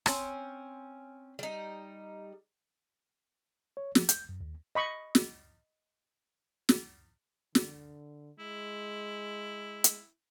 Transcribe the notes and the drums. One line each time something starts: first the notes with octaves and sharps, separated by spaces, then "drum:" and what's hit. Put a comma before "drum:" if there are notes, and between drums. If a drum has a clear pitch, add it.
C4 C#4 C5, drum: rim click
G3 D#4
C#5
F3, drum: snare
G6, drum: hi-hat
F#2
D#2
D#5 B5 C#6
drum: snare
drum: snare
D3, drum: snare
G#3 E4
drum: hi-hat